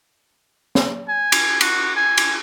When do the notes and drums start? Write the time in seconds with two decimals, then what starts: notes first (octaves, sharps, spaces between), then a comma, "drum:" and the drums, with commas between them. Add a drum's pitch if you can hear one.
0.75 drum: snare
1.08 G#5
1.32 drum: cymbal
1.61 F#4, drum: cymbal
1.96 G#5
2.17 drum: cymbal